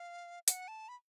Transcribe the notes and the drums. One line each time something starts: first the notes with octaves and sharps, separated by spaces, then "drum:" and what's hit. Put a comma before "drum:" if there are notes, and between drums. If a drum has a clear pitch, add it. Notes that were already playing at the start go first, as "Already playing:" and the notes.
Already playing: F5
F#5, drum: hi-hat
A5
B5